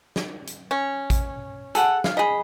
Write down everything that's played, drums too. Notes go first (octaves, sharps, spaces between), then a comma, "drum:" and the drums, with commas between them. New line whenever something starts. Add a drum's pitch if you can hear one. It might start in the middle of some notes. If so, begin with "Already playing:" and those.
drum: snare
drum: hi-hat
C#4
drum: kick A1, hi-hat
G#4 A4 F#5, drum: hi-hat
F5, drum: snare
G#4 D#5 B5